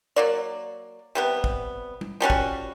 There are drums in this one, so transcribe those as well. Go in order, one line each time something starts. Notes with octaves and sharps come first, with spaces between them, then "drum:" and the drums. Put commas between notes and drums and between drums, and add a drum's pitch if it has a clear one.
F#3 A#3 D5
C3 G3 B3
drum: kick
drum: tom G3
F3 G3 C#4 F#4
drum: kick